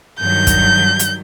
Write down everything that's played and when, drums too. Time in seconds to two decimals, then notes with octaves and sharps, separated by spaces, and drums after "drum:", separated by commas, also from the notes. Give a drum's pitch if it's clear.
0.20 G2 D#3 F#3 G6
0.47 drum: kick, hi-hat
0.99 drum: hi-hat